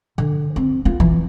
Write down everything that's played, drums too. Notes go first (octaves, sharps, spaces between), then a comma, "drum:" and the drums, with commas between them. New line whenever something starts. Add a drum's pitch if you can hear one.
D3
C4
B3 F4
E3, drum: kick F1